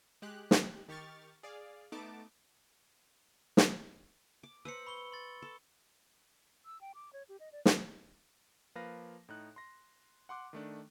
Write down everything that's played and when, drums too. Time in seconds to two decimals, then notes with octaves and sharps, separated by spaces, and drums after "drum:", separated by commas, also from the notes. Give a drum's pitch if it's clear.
0.22 G#3 G4 F#6
0.51 drum: snare
0.88 D#3 G4 C#6 F6 A6
1.43 G#4 D5 F5
1.92 A3 B3 D#4 A5 D6 D7
3.57 drum: snare
4.43 D6
4.65 B4 C5 A#5 E6 C#7
4.86 B5 C#6 G7
5.12 C6 A6
5.42 A4
6.65 E6
6.81 G5
6.95 D6
7.13 C#5
7.29 G4
7.40 D#5
7.52 D5
7.66 drum: snare
8.75 F3 A#3 B4 F5 A#6
9.28 A2 D#4 F#6
9.56 C6 A#6
10.29 F#5 C6 D6 F#6
10.53 D#3 A3 D4